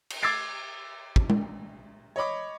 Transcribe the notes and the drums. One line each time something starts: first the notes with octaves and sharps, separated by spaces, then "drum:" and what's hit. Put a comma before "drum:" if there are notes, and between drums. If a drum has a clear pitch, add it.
drum: cymbal
D6 E6 G#6 A6 C7 D7
drum: kick
drum: tom G#3
C#5 D#5 B5 D6